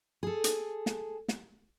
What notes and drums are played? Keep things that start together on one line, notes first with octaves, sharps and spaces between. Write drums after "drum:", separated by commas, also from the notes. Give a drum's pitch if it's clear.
G#4 A4
drum: hi-hat
drum: snare
drum: snare